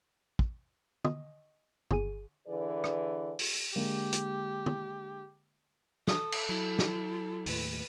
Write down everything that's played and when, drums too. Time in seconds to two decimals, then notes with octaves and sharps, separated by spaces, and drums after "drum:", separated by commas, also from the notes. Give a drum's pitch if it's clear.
0.39 drum: kick
1.04 D#5, drum: tom
1.91 G1 G#4 D#7, drum: tom
2.47 D3 E3 G#4 B4 D5
2.84 drum: rim click
3.39 drum: open hi-hat
3.76 D3 G#3 A#3 G4
4.12 drum: hi-hat
4.66 drum: tom
6.07 A4 D#6, drum: snare
6.32 drum: cymbal
6.49 F#3 E4
6.79 drum: snare
7.46 D#2 A2 B4, drum: open hi-hat